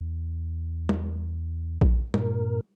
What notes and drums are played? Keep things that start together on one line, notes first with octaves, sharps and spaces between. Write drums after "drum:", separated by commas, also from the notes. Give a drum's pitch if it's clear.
E2
drum: tom G3
drum: kick A#1
G2 A#2 A#4, drum: tom G3